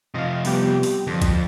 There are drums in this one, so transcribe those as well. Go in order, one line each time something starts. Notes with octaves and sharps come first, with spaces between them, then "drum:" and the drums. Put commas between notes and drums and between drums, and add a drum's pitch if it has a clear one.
C3 F3 D#5 F5
G3 B3 G4, drum: open hi-hat
drum: open hi-hat
F2 D3 F3
drum: kick, hi-hat